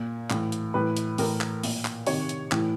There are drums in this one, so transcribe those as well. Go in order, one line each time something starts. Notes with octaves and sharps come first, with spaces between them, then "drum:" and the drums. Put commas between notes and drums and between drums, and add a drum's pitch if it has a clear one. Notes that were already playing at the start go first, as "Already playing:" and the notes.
Already playing: A#2
A2 E3, drum: clap
drum: hi-hat
A2 E3 B4
drum: hi-hat
A2 E3 A#4, drum: open hi-hat
drum: clap
A#2, drum: open hi-hat
drum: clap
C3 D#3 C#5, drum: open hi-hat
drum: hi-hat
A2 E3, drum: clap